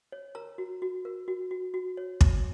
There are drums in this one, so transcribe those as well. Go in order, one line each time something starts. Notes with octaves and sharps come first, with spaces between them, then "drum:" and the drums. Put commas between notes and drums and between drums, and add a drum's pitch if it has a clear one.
C#5
A#4 A#5
F#4
F#4
A#4
F#4
F#4
F#4
C#5
C#5, drum: kick